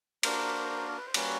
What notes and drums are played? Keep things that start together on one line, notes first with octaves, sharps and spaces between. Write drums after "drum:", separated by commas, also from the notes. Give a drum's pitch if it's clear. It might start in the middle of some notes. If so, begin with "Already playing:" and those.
A#3 D4 F#4 A#4 C5, drum: cymbal
A#4
B4
C5
G3 A#3 C#4 F#4 B4 C#5, drum: cymbal